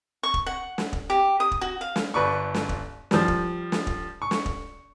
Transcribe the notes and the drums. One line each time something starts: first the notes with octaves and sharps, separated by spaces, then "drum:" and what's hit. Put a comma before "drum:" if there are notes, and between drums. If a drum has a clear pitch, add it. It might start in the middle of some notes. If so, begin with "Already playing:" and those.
C#6
drum: kick
F#5
drum: snare
drum: kick
G4
D#6
drum: kick
F#4
F5
drum: snare
G1 B4 D5 C#6
drum: snare
drum: kick
F3 G3, drum: snare
drum: kick
drum: snare
drum: kick
C#6
drum: snare
drum: kick